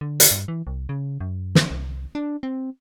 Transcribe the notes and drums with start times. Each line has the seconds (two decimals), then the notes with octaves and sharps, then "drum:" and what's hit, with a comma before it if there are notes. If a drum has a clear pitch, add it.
0.01 D3
0.20 drum: hi-hat
0.31 G2
0.48 E3
0.67 C2
0.89 C#3
1.20 F#2
1.55 drum: snare
1.71 C2
2.15 D4
2.43 C4